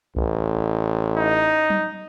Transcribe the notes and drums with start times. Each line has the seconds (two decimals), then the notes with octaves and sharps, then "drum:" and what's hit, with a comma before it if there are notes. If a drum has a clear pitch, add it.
0.16 A1, drum: kick C2
1.17 D#4
1.70 drum: tom F#3